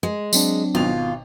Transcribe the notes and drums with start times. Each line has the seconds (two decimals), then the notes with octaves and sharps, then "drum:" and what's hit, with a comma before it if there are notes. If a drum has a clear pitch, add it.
0.03 G#3
0.33 F#3 C4 D4, drum: tambourine
0.75 G#1 B2 F4 F7